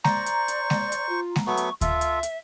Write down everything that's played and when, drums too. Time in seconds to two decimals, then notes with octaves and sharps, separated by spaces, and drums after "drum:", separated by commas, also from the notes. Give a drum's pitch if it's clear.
0.04 C5 D5 A#5 C#6, drum: snare G#3
0.26 drum: hi-hat
0.48 drum: hi-hat
0.70 drum: snare G#3
0.92 drum: hi-hat
1.09 F4
1.36 drum: snare G#3
1.46 F#3 A3 B3 C#6
1.57 drum: hi-hat
1.81 F4 A4 E5, drum: kick D2, hi-hat
2.01 drum: hi-hat
2.23 drum: hi-hat